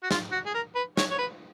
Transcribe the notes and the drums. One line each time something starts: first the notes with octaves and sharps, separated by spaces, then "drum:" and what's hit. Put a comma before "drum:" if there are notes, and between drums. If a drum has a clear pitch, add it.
F#4
F4, drum: snare
F#4
G#4
A#4
B4
C#5, drum: snare
C#5
B4